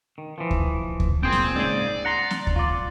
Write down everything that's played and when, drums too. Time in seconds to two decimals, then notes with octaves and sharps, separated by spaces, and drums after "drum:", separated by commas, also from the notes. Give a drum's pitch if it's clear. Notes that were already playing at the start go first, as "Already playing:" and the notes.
0.18 D#3
0.38 E3 F3
0.51 drum: kick D2
1.00 drum: kick D2
1.23 A#2 C4 G#4 G5
1.32 drum: snare C4
1.56 G#2 C#3 G#4 D5
2.05 F#5 A#5 C6
2.30 drum: snare C4
2.47 drum: kick D2
2.56 F4 D5